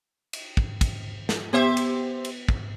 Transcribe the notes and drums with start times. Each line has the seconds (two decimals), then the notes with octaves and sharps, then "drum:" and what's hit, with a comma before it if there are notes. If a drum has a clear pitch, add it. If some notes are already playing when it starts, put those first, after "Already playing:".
0.33 drum: cymbal
0.57 drum: kick
0.81 drum: kick, cymbal
1.29 drum: snare
1.53 B3 G4 C5 E5
1.77 drum: cymbal
2.25 drum: cymbal
2.49 drum: kick